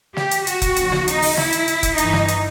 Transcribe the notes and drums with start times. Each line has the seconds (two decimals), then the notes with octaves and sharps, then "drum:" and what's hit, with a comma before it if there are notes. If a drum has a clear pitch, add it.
0.16 G4, drum: snare
0.31 drum: hi-hat
0.47 F#4, drum: hi-hat
0.62 drum: kick F1, hi-hat
0.76 D#2 C#3 F3, drum: hi-hat
0.92 drum: snare
1.08 D#4, drum: hi-hat
1.22 drum: open hi-hat
1.37 E4, drum: snare
1.53 drum: hi-hat
1.68 drum: hi-hat
1.83 drum: kick F1, hi-hat
1.98 G2 E3 D#4, drum: hi-hat
2.13 drum: snare
2.28 drum: hi-hat